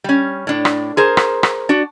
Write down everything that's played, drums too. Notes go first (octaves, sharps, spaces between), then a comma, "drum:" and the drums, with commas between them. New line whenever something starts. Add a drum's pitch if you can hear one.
G3 C#4
A2 D4
drum: rim click
G#4 A#4 C5
drum: rim click
drum: rim click
D4 F#4